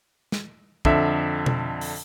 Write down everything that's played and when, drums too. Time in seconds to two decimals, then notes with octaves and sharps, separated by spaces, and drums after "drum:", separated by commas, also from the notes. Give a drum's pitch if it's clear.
0.32 drum: snare
0.85 F2 D3 E5, drum: kick
1.46 drum: tom B2
1.81 drum: open hi-hat